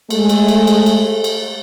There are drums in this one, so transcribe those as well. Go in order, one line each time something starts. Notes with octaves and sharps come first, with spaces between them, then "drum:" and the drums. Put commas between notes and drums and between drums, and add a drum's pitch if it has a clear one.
G#3 A3, drum: cymbal
drum: cymbal
drum: cymbal
drum: cymbal
drum: cymbal
drum: cymbal